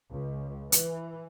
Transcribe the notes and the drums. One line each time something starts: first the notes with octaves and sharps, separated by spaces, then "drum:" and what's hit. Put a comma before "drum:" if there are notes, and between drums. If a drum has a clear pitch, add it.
C#2
E3, drum: hi-hat